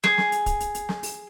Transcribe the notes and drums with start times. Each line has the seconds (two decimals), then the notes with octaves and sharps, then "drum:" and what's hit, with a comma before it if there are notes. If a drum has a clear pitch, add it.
0.04 G#4, drum: snare
0.18 drum: snare
0.32 drum: hi-hat
0.46 drum: kick, hi-hat
0.60 drum: hi-hat
0.75 drum: hi-hat
0.89 drum: snare
1.03 drum: open hi-hat